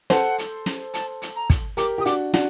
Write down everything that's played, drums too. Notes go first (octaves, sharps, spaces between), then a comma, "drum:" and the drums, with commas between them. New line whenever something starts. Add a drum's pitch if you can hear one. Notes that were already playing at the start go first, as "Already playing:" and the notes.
A4 C5 F#5, drum: snare
drum: hi-hat
drum: snare
A5, drum: hi-hat
drum: hi-hat
A#5
drum: kick, hi-hat
G4 A#4 D6, drum: hi-hat
G4 D#6
D4 F#4 D6, drum: hi-hat
D4 F#4, drum: snare